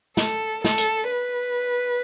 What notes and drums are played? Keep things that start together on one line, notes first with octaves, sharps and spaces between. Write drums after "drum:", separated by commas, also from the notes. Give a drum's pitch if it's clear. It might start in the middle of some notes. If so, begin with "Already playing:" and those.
A4, drum: snare
A4, drum: snare
drum: hi-hat
B4